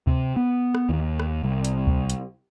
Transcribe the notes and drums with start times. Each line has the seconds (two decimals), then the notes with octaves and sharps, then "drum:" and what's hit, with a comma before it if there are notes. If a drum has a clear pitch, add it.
0.07 C3, drum: kick D2
0.36 B3
0.75 drum: rim click
0.89 D#2
1.20 drum: rim click
1.43 C2
1.65 drum: hi-hat
1.87 drum: kick D2
2.10 drum: hi-hat